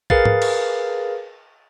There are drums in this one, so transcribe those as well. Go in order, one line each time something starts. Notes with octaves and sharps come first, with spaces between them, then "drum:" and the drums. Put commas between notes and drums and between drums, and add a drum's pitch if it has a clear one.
G#4 A#4 B4 F5 A6, drum: kick A#1
drum: tom G#2
drum: cymbal